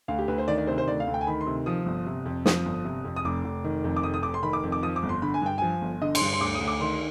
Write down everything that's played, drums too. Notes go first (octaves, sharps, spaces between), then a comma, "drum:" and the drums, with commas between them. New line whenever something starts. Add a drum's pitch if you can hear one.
D2 F5
G4
D2 B4
C5
D#3 D5
D5
C3 C5
C5
D2 D5
F5
D2
G5
G#5
D#3 B5
C6
C3
F3 D#6
G1
C3
F2
F3 D#6, drum: snare
G1
C3
F2
D#6
F1 D6
F1
D#3
F2
D6
F1 D#6
D#6
F1 D6
C6
D#3 B5
D6
F2
D6
F3 D#6
D6
G1
C6
D3 B5
G#5
G2 G5
F3 G#5
G1
D3 D#5
C6, drum: cymbal
G2
C6
D2 D6
D#6
D2
D6
D#3 C6